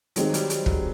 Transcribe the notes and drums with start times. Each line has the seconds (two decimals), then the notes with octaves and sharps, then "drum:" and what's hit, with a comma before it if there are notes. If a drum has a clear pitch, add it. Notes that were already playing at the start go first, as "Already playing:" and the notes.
0.16 D#3 F#3 G#3 C4 D#4 G4, drum: hi-hat
0.34 G3, drum: hi-hat
0.50 G3, drum: hi-hat
0.66 F#3, drum: kick